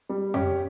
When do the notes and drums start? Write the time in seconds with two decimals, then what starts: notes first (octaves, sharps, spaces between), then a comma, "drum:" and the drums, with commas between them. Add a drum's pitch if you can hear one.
0.09 G3
0.34 C#4 G4, drum: tom F2